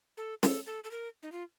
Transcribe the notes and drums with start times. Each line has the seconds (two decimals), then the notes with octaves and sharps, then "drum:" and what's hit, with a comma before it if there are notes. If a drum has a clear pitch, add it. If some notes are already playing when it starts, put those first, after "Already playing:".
0.17 A4
0.43 A4, drum: snare
0.67 A4
0.84 A4
0.91 A#4
1.23 D#4
1.32 F4